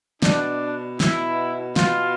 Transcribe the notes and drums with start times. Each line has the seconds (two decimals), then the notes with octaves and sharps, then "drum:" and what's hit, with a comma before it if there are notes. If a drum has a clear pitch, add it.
0.22 B2 D4, drum: snare
1.00 E4, drum: snare
1.76 F4, drum: snare